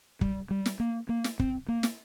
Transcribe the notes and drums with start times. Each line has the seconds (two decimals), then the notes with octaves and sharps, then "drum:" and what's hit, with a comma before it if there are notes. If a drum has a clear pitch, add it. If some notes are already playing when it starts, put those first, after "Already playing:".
0.21 G3, drum: kick
0.51 G3
0.66 drum: snare
0.80 A#3
1.09 A#3
1.24 drum: snare
1.39 C4, drum: kick
1.68 A#3
1.83 drum: snare